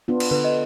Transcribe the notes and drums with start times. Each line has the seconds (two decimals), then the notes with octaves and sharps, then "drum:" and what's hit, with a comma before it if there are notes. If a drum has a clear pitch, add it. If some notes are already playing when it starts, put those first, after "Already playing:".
0.08 B3 D4 F4
0.20 drum: cymbal
0.31 D3 B4
0.44 D#5